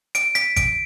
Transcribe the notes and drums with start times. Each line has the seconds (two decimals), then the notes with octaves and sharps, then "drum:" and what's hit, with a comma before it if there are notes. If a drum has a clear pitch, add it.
0.15 D7, drum: hi-hat
0.35 B6, drum: hi-hat
0.56 D7, drum: kick G#1, hi-hat